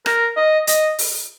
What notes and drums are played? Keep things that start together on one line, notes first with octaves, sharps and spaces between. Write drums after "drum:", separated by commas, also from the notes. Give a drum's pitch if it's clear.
A#4, drum: rim click
D#5
D#5, drum: hi-hat
drum: open hi-hat